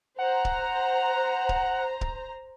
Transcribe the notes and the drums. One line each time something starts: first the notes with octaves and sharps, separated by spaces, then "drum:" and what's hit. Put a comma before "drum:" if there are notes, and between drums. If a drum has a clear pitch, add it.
C5 F#5 A#5
drum: kick C#1
drum: kick C#1
drum: kick C#1